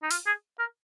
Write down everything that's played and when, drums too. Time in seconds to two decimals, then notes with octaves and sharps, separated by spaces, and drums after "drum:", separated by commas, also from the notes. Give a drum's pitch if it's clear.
0.03 D#4
0.11 F4, drum: open hi-hat
0.27 G#4
0.59 A#4